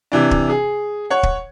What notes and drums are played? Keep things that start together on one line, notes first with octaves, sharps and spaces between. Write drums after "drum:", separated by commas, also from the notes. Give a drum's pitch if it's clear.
C3 E3 D4
drum: kick
G#4
C#5 F#5
drum: kick